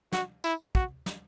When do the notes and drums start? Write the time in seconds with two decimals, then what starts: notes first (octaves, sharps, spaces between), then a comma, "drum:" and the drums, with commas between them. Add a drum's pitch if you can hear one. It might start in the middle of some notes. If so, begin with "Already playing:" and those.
0.12 F#4, drum: snare
0.44 E4, drum: tambourine
0.75 F#4, drum: kick
1.06 drum: snare